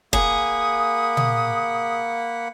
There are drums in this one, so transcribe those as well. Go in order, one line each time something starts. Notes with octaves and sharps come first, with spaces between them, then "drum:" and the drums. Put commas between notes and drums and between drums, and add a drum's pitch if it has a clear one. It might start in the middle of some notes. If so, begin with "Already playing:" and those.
A#3 G#4 F#5 B5 D#6, drum: kick
drum: tom A#2